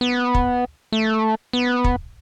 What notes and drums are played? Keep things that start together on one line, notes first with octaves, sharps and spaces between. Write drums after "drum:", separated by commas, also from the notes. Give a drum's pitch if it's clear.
B3
drum: kick
A3
B3
drum: kick